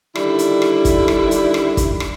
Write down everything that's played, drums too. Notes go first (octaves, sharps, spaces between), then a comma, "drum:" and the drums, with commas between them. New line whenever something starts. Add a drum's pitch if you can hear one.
D3 D#3 G3 E4, drum: rim click
drum: hi-hat
drum: rim click
drum: kick, hi-hat
drum: rim click
drum: hi-hat
drum: rim click
drum: kick, hi-hat
drum: rim click